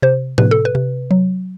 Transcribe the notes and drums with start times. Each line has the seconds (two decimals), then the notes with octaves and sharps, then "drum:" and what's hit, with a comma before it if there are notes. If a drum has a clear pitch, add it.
0.02 C3 C5
0.38 C3 B4, drum: tom A2
0.51 A4
0.65 B4
0.75 C3
1.11 F#3